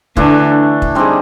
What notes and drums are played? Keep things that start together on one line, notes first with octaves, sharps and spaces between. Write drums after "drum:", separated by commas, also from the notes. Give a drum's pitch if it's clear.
D3 E3 A3 D4, drum: kick
drum: kick
G3 C4 D#4 G#4